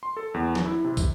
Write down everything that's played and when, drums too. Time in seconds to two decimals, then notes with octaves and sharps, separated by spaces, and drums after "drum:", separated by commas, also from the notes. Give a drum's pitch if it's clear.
0.03 C6
0.17 A4
0.34 E2
0.55 drum: snare
0.66 E4
0.84 C3
0.97 drum: kick, tambourine